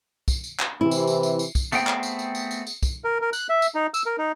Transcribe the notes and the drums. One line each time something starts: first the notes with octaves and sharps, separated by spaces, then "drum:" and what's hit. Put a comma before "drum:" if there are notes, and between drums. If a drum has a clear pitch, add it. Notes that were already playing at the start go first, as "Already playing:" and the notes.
drum: kick, tambourine
drum: tambourine
drum: clap
C3 E3 E4
drum: tambourine
drum: tambourine
drum: tambourine
drum: tambourine
drum: kick, tambourine
A3 B3 C4 G#4 G5, drum: tambourine
drum: clap
drum: tambourine
drum: tambourine
drum: tambourine
drum: tambourine
drum: tambourine
drum: kick, tambourine
A#4
A#4
F#6, drum: tambourine
E5
drum: tambourine
D#4
E6, drum: tambourine
A#4
D#4